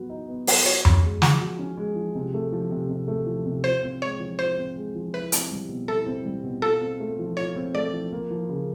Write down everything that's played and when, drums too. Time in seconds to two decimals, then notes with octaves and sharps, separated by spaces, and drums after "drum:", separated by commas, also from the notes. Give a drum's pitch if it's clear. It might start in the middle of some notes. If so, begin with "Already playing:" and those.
Already playing: F#3 B3 F#4
0.10 D#4
0.28 B3
0.47 F#3, drum: open hi-hat
0.65 F#4 C#5
0.85 C#4, drum: tom F2
1.03 G#3
1.22 F3, drum: snare
1.40 F#4
1.59 C#4
1.77 G#3
1.96 F3
2.15 C3
2.34 A3
2.52 F3
2.71 C3
2.89 C3
3.08 A3
3.27 F3
3.46 C3
3.64 F4 C5
3.83 C4
4.02 G#3 C#5
4.19 F3
4.39 F4 C5
4.57 C4
4.76 G#3
4.95 F3
5.13 E4 B4
5.32 C4, drum: hi-hat
5.51 G3
5.69 B2
5.88 E4 A4
6.06 C4
6.25 G3
6.44 B2
6.62 F4 A4
6.81 C4
7.00 A3
7.19 F3
7.37 F4 C#5
7.56 C4
7.74 A3 D5
7.93 F3
8.12 A#3
8.30 F3
8.49 C#3